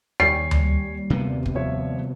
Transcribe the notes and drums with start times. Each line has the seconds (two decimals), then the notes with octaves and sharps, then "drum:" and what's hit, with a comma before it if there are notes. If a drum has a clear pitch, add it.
0.20 D#2 G3 C#5 G#5 C#6 C7
0.51 drum: tom D2
1.10 C3 A#3 B3
1.46 drum: kick
1.55 F3 C#5 E5